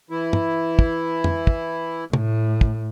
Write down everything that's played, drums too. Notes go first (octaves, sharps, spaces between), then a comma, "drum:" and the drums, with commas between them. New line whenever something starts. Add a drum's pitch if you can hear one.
E3 E4
drum: tom
drum: kick
drum: tom
drum: kick
A2, drum: tom
drum: kick